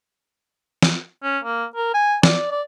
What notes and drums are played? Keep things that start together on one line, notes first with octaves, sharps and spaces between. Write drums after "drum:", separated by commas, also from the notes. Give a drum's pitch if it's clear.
drum: snare
C#4
A#3
A#4
G#5
D5, drum: snare
D5